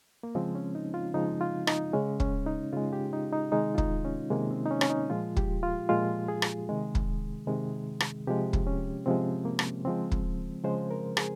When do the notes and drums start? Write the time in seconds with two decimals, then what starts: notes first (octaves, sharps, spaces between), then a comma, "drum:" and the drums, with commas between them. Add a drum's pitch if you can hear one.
0.23 A#3
0.35 C#3 F3 G#3 C4
0.55 C#4
0.75 D#4
0.94 F4
1.14 C#3 F3 G#3 D#4
1.41 F4
1.67 D#4, drum: rim click
1.93 C#3 G#3 C#4
2.20 C#4, drum: kick
2.47 D#4
2.73 C#3 G#3 F4
2.93 G4
3.13 D#4
3.33 D#4
3.52 C3 D#3 G#3 D#4
3.75 F4
3.78 D#4, drum: kick
4.05 C#4
4.30 C3 D#3 G#3 A#3
4.51 C4
4.66 D#4
4.71 C#4
4.81 C#4, drum: rim click
4.90 D#4
5.10 A#2 F3 G#3 F4
5.37 G4, drum: kick
5.63 F4
5.89 A#2 F3 G#3 F4
6.28 G#4
6.42 drum: rim click
6.69 C3 D#3 G#3
6.95 drum: kick
7.47 C3 D#3 G#3
8.00 drum: rim click
8.27 C3 F3 G#3 G4
8.53 drum: kick
8.67 C#4
9.06 C3 F3 G#3 C4
9.45 A#3
9.59 drum: rim click
9.85 C#3 F3 G#3 C4
10.12 drum: kick
10.64 C#3 F3 G#3 C5
10.91 A#4
11.17 G#4, drum: rim click